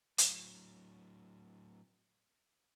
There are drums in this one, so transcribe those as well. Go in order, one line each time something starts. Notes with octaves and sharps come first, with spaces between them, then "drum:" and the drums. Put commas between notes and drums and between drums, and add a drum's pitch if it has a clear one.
A2 F#3, drum: hi-hat